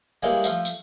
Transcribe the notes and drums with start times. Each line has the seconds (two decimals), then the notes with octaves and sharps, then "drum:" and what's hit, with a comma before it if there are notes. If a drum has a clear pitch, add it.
0.22 E3 G3 G#3 A#3 C#5
0.44 F3 A3, drum: tambourine
0.65 drum: tambourine